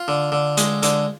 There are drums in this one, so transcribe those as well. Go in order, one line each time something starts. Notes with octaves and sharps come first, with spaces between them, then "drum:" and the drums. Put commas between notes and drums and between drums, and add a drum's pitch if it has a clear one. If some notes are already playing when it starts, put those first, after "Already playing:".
Already playing: F4
D3
D3
G#3, drum: hi-hat
D3, drum: hi-hat